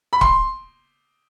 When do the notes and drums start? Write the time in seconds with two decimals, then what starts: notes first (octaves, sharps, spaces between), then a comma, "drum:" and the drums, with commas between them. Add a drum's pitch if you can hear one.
0.13 B5
0.21 C6, drum: kick